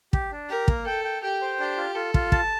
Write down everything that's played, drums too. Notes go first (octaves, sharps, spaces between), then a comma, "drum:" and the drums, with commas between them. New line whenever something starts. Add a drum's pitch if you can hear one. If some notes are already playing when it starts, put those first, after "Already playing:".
G4, drum: kick
D4
G4 A#4
A#3, drum: kick
A4 G5
G5
G4 G5
C5
D4 G4
F4
F4 A4
F4, drum: kick
A5, drum: kick